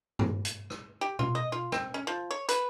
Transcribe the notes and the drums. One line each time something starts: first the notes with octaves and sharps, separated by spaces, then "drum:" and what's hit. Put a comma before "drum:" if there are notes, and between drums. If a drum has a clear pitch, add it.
drum: tom G2
drum: hi-hat
drum: rim click
G4
F4, drum: tom B2
D#5
F4
C4, drum: rim click
C#4
F3
C#5
B4, drum: hi-hat